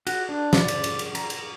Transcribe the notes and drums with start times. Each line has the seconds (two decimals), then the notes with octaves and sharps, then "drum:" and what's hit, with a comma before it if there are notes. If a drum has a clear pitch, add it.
0.07 F#4, drum: cymbal
0.29 D4
0.53 D5, drum: snare
0.68 drum: cymbal
0.84 drum: cymbal
0.99 drum: cymbal
1.15 A#5, drum: cymbal
1.30 drum: cymbal